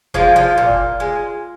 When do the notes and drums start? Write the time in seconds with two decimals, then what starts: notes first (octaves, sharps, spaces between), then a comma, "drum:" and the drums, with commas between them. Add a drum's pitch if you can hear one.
0.14 F3 G#3 F4, drum: kick F1
0.36 F3 F4
0.58 A#2
0.70 drum: kick F1
1.00 G#3